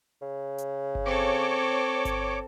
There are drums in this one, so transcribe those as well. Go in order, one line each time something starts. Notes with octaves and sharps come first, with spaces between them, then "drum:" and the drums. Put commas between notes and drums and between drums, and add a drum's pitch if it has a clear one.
C#3
drum: hi-hat
drum: kick G1
C4 A4 C#5 D6
drum: kick G1, hi-hat